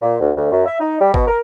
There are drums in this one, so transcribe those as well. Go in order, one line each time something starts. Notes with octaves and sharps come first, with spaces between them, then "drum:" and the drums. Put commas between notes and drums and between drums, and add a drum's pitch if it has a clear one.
A#2
D2
D2
F#2
E5
D#4
G3
B2, drum: kick
A#4